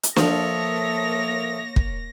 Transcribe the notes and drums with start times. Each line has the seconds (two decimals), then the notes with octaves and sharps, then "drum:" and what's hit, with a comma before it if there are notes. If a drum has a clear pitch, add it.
0.03 drum: hi-hat
0.16 F3 A#3 A4 A#4 C#5 E5 D#6 A#6, drum: snare
1.76 drum: kick